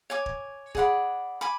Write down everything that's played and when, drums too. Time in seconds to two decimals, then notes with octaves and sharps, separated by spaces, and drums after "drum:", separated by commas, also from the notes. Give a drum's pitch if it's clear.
0.10 C#5 G#5 D6
0.26 drum: kick
0.75 G#4 D5 F#5 B5, drum: kick
1.41 G#5 B5 D6